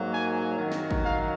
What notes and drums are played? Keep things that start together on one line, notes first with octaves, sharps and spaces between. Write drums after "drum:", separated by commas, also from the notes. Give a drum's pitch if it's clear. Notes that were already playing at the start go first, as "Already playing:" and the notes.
Already playing: G#2 F#3 A#3
G#5
F#2 D#3 F#3
drum: snare
drum: kick
F5